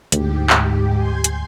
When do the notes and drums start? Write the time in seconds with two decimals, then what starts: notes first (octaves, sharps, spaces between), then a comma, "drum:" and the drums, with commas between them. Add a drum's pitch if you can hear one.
0.12 D2 G#2 G4, drum: hi-hat
0.50 drum: clap
0.96 G#5 C6 G6
1.24 drum: hi-hat